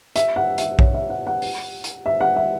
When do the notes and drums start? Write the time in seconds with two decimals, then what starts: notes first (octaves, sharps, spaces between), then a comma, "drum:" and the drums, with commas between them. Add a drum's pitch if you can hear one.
0.16 E5, drum: hi-hat
0.36 F#5
0.58 E5, drum: hi-hat
0.79 C#5, drum: kick A#1
0.94 E5
1.10 F#5
1.27 F#5
1.42 drum: open hi-hat
1.84 drum: hi-hat
2.06 E5
2.21 F#5
2.36 E5